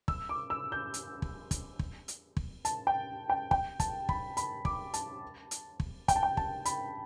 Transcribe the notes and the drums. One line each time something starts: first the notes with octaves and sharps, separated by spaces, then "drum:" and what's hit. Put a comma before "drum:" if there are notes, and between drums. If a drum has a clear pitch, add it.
E6, drum: kick
D6
E6
G6
drum: hi-hat
drum: kick
drum: kick, hi-hat
drum: kick
drum: hi-hat
drum: kick
A5, drum: hi-hat
G5
G5
G5, drum: kick
A5, drum: kick, hi-hat
B5, drum: kick
B5, drum: hi-hat
D6, drum: kick
A5, drum: hi-hat
drum: hi-hat
drum: kick
G5, drum: kick, hi-hat
A5
G5
A5, drum: kick
B5, drum: hi-hat